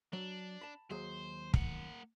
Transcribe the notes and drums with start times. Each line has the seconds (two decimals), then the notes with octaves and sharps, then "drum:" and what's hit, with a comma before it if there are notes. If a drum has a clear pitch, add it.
0.13 F#3 D4
0.61 A5 B5
0.91 D#2 F#3 G#4 C5
1.54 A#3 F#5, drum: kick